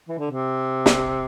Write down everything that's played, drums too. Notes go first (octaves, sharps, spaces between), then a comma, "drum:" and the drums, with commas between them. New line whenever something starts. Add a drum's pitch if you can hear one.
E3
D3
C3
drum: snare